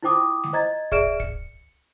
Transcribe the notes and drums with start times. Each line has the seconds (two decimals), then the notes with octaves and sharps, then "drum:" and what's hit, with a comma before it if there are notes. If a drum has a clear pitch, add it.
0.03 E4 F4 C5 G5 D6 D#6
0.43 drum: snare G#3
0.53 C5 D#5 A#5 G#6 A6
0.92 G#4 D5 E5 F6 D7 E7, drum: kick
1.20 C#7, drum: kick